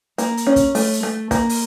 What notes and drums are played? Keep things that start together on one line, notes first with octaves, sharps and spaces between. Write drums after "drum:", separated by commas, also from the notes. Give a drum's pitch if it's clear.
A#3, drum: hi-hat
drum: hi-hat
C#4
drum: kick, hi-hat
A3, drum: open hi-hat
drum: hi-hat
A3
A#3, drum: kick, hi-hat
drum: open hi-hat